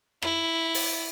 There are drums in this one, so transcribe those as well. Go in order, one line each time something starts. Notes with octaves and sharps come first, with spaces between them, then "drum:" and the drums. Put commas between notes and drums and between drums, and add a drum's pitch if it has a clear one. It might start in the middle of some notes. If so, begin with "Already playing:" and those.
E4, drum: rim click
drum: open hi-hat